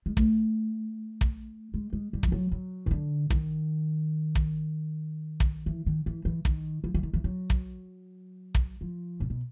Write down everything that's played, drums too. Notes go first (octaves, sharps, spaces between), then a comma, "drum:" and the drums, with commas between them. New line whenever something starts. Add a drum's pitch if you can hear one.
G#3
A3, drum: kick
drum: kick
G#3
G#3
G3
F3, drum: kick
F#3
F#3
D#3
D3
D#3, drum: kick
drum: kick
drum: kick
E3
D#3
E3
E3
D#3, drum: kick
F3
E3
D#3
E3
F#3
drum: kick
drum: kick
F3
C3
B2